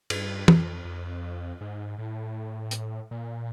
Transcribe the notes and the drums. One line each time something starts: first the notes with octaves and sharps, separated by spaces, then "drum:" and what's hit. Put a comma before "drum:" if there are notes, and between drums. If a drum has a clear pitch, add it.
G2, drum: cymbal
F2, drum: tom
F2
G#2
A2
drum: hi-hat
A#2